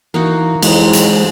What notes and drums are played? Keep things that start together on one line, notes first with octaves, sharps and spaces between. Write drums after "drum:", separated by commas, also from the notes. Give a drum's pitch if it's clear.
E3 A#3 D#4 F#4
F2 E3 F#3 G#3 D#4, drum: cymbal
drum: hi-hat